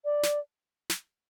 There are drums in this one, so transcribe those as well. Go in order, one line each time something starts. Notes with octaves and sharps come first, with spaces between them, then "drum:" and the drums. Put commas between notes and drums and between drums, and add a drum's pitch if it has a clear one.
D5
drum: snare
drum: snare